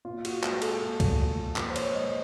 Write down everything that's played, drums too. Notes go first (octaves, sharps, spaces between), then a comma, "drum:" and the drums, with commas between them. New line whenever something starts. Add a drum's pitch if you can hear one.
A#2 F4
F#4, drum: cymbal
G#3 G#4, drum: clap
A4, drum: cymbal
A#2
drum: kick, cymbal
F3
A#2 B4, drum: clap
C5
C#5, drum: cymbal
G#3 D#5